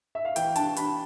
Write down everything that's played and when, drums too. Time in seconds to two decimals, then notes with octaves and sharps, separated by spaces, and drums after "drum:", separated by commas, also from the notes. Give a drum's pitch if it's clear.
0.15 E5
0.25 F5
0.36 E3 G5, drum: hi-hat
0.56 D4 A5, drum: hi-hat
0.76 D4 B5, drum: hi-hat